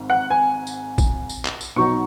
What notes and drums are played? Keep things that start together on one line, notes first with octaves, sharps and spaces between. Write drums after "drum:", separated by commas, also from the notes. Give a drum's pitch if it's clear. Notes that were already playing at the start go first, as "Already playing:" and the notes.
Already playing: G#1 G#2
F#5
G#5
drum: tambourine
drum: kick, tambourine
drum: tambourine
drum: clap
drum: tambourine
B1 B2 F#3 D#4 C#6